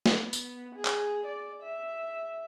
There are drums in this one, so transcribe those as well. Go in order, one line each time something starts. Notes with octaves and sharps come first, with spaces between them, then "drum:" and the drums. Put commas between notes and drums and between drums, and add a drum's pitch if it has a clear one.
drum: snare
B3
drum: tambourine
G#4
drum: clap
D5
E5